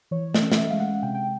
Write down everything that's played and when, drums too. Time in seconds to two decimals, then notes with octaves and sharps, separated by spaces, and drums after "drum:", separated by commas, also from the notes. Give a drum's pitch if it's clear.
0.11 E3 C#5
0.34 D#5, drum: snare
0.42 C#4
0.52 D#5, drum: snare
0.57 E5
0.71 G#3 F5
0.80 F#5
1.03 C3 G5
1.15 G5